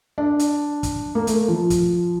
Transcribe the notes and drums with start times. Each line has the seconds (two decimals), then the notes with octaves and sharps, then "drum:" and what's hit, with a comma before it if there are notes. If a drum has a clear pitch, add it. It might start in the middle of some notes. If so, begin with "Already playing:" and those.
0.18 D4
0.39 drum: hi-hat
0.83 drum: kick, hi-hat
1.15 A#3
1.27 A3, drum: hi-hat
1.48 F3
1.70 drum: kick, hi-hat